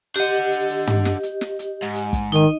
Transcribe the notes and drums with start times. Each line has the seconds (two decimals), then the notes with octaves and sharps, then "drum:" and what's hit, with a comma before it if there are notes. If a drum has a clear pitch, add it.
0.16 D4 G4 D#5 F#5, drum: hi-hat
0.34 drum: hi-hat
0.52 drum: hi-hat
0.69 drum: hi-hat
0.87 drum: tom
1.05 drum: snare
1.23 drum: hi-hat
1.41 drum: snare
1.59 drum: hi-hat
1.83 G#2
1.95 drum: hi-hat
2.13 drum: kick, hi-hat
2.32 D#3 D#4 D#5, drum: hi-hat